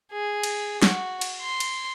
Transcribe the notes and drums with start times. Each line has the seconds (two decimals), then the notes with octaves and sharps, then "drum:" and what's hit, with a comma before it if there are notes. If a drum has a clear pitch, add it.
0.12 G#4
0.43 drum: cymbal
0.82 F#4, drum: snare
1.21 drum: cymbal
1.41 C6
1.60 drum: cymbal